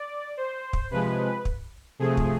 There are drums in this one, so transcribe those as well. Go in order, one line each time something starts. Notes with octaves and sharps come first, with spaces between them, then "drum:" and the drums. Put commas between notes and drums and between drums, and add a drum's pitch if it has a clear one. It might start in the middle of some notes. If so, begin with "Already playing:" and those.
Already playing: D5
C5
drum: kick
C3 F3 G#3 B4
drum: kick
C3 F3 A3 G#4
drum: kick